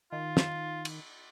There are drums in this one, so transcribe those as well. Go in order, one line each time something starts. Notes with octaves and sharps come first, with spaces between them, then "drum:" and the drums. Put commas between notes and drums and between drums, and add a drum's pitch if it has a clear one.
D#3 F4
drum: snare
drum: cymbal